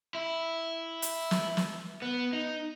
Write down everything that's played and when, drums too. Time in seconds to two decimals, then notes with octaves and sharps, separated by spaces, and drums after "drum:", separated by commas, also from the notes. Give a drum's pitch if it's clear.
0.15 E4
1.02 drum: hi-hat
1.31 drum: snare
1.57 drum: snare
2.02 B3
2.33 D#4